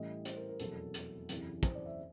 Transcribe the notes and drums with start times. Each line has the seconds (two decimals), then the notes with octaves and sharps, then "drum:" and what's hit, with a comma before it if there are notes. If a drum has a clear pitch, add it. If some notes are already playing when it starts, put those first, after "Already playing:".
Already playing: A1 A2 E3 G3 D#5
0.25 C5, drum: hi-hat
0.37 A#4
0.49 A#4
0.60 F1 E2 B2 F#3 A4, drum: hi-hat
0.94 drum: hi-hat
1.29 F#1 E2 C3 E3, drum: hi-hat
1.63 C5, drum: kick, hi-hat
1.75 D5
1.86 E5